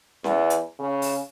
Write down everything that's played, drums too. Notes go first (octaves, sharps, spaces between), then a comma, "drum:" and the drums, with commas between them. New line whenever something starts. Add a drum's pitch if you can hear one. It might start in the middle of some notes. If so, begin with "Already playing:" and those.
E2, drum: snare C#4
drum: hi-hat
C#3
drum: open hi-hat